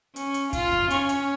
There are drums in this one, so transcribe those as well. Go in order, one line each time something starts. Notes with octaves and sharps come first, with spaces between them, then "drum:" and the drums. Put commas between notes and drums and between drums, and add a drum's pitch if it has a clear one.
C#4, drum: hi-hat
drum: hi-hat
F4, drum: kick, hi-hat
drum: tom F2
C#4, drum: hi-hat
drum: hi-hat